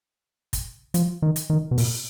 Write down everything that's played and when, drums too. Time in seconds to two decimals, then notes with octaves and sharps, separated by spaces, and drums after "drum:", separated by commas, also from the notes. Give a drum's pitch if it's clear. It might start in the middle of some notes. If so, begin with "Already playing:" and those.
0.53 drum: kick, hi-hat
0.94 F3, drum: hi-hat
1.22 D#3
1.36 drum: hi-hat
1.50 D#3
1.71 B2
1.78 A#2, drum: open hi-hat